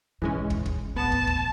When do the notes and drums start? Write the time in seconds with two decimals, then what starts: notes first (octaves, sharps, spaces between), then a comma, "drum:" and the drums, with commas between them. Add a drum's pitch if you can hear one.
0.22 B1 G#2 E3 G#3 C#4
0.50 drum: kick
0.66 drum: kick
0.96 A1 D2 B3 A5
1.12 drum: kick
1.27 drum: kick